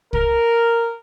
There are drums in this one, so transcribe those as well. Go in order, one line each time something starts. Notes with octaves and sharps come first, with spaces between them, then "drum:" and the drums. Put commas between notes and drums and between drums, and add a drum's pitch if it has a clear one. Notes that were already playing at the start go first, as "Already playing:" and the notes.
A#4, drum: kick